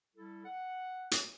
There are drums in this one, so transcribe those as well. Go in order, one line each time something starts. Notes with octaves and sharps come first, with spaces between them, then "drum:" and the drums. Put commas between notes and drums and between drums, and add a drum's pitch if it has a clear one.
G3 E4 A4
F#5
drum: hi-hat